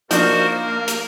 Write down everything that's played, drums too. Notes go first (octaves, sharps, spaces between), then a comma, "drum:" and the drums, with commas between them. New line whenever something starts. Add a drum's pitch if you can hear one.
F3 A#3 D4 D#4 F#4 A#4 C5, drum: hi-hat
A#4
drum: hi-hat